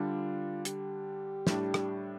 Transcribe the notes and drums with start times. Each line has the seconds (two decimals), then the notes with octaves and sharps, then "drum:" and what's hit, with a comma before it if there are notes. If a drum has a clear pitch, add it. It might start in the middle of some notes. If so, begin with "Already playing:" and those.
Already playing: D3 G3 D4 F4
0.65 G4, drum: hi-hat
1.47 A2 G3 D4, drum: snare
1.74 drum: rim click